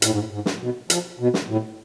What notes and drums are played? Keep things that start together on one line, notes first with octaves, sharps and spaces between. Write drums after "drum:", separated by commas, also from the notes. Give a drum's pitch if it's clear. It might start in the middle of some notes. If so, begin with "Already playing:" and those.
A2, drum: hi-hat
G#2
A2
G#2
drum: snare
B2
F3, drum: hi-hat
B2
drum: snare
A2